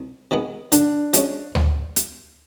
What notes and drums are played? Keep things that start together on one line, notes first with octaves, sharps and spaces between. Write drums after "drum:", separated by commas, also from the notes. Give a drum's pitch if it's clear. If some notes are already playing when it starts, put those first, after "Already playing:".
Already playing: C2
C3 D#3 G#3 B3
D3 D4, drum: hi-hat
F3 G#3 C#4, drum: hi-hat
drum: tom D2
drum: hi-hat